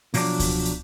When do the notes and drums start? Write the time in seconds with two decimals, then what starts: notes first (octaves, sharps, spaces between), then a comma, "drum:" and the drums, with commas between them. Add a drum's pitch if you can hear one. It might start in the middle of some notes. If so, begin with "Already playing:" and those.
0.14 B2 F3 F#3 D4 D5, drum: open hi-hat
0.39 drum: kick C#2, open hi-hat
0.65 drum: hi-hat